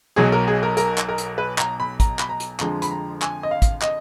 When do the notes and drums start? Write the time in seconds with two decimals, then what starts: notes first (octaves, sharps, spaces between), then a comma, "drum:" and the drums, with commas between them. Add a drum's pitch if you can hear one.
0.16 B1 B2 F#3 G#4
0.32 A#4
0.48 G#4
0.63 A#4
0.77 A#4, drum: hi-hat
0.98 drum: clap
1.09 A#4
1.18 drum: hi-hat
1.38 B4
1.58 A#5, drum: clap
1.80 B5
2.00 A#5, drum: kick, hi-hat
2.19 B5, drum: clap
2.29 A#5
2.40 drum: hi-hat
2.60 F2 D3 F3 G#3 A#5, drum: clap
2.82 B5, drum: hi-hat
2.91 A#5
3.22 G#5, drum: clap
3.43 D#5
3.51 F5
3.62 drum: kick, hi-hat
3.82 D#5, drum: clap